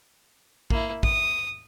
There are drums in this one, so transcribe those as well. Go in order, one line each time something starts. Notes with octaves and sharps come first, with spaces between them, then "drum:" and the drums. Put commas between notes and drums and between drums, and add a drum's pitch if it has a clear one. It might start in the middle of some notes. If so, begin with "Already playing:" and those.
A#3 E4, drum: kick
D#6, drum: kick